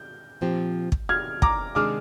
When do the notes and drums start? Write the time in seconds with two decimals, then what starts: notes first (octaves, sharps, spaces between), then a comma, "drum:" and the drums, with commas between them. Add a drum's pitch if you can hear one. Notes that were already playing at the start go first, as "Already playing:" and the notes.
Already playing: G6
0.41 A#2 F3 C4 G4
0.92 drum: kick
1.09 F6 G#6
1.42 A#5 D6, drum: kick
1.75 C3 D#3 G#3 D4 G#4 D6 F6